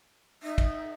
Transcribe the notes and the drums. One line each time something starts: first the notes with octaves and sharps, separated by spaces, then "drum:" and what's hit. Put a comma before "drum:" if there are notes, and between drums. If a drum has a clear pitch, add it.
D#4 E5
drum: kick, cymbal